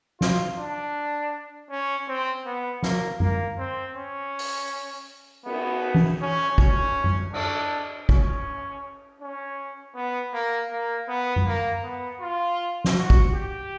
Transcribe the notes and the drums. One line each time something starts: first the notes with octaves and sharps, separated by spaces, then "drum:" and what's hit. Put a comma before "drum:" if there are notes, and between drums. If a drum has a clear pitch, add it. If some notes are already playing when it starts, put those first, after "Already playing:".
F4, drum: snare
D4
C#4
C4
B3
A#3, drum: snare
A#3, drum: tom F#2
C4
C#4
drum: open hi-hat
B3, drum: cymbal
drum: tom E3
C#4
C#4, drum: kick
drum: tom F#2
D4, drum: cymbal
C#4, drum: kick
C#4
B3
A#3
A#3
B3
drum: tom F#2
A#3
B3
F4
drum: snare
F#4
drum: kick
G4